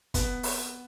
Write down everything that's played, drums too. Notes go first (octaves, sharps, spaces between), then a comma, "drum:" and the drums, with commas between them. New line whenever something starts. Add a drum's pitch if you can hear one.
B3, drum: kick, hi-hat
drum: open hi-hat